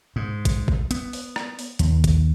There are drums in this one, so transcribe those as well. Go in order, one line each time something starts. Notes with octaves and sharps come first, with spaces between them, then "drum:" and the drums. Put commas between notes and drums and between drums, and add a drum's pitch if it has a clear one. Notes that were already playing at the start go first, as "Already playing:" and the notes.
G#2
drum: kick, hi-hat
drum: kick
B3, drum: hi-hat
drum: open hi-hat
drum: rim click
drum: open hi-hat
D#2, drum: hi-hat
drum: kick, hi-hat